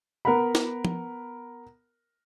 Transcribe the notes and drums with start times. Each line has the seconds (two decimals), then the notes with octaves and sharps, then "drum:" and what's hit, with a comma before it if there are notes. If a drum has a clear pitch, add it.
0.25 B3 A#4 F#5 A#5 B5
0.55 drum: snare E4
0.85 drum: tom